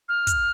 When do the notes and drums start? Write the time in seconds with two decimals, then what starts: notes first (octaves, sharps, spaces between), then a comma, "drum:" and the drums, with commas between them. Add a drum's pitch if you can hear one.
0.09 F6
0.27 drum: kick, hi-hat